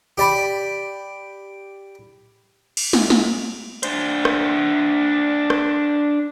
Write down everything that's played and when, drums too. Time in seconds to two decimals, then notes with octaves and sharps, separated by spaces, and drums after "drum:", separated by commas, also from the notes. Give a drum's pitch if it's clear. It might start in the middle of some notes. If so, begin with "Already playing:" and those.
0.18 G4 D5 B5
2.77 drum: cymbal
2.93 drum: snare
3.10 drum: snare
3.83 D4 C5, drum: hi-hat
4.25 drum: rim click
5.50 drum: rim click